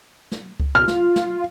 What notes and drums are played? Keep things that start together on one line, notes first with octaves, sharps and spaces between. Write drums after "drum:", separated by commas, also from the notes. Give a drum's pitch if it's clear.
drum: snare
drum: kick C#2
B2 F6
F4, drum: snare
drum: snare